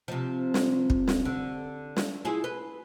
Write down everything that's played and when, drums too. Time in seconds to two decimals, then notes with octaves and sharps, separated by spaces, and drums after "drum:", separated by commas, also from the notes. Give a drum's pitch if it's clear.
0.08 C3 F3
0.54 drum: snare
0.90 drum: kick
1.08 drum: snare
1.25 D3
1.97 drum: snare
2.25 E4 F4 G#4
2.44 B4